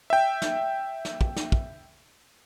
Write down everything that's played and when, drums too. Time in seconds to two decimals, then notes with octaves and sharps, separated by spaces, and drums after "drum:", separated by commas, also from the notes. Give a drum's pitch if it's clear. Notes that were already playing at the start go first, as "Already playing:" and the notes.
0.10 E5 G5
0.42 drum: snare
1.05 drum: snare
1.21 drum: kick
1.36 drum: snare
1.52 drum: kick